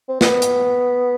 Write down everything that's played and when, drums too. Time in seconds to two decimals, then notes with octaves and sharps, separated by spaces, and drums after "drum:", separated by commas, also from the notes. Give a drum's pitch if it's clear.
0.09 C4
0.21 B3, drum: snare
0.42 drum: hi-hat